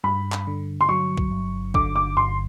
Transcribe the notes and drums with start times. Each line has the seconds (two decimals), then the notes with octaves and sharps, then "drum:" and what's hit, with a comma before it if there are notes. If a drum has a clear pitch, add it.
0.04 G2 B5
0.32 drum: clap
0.47 D3
0.81 C6
0.89 F#3 C#6
1.17 drum: kick B1
1.31 G1
1.74 D3 D6, drum: kick B1
1.96 D6
2.17 G1 C6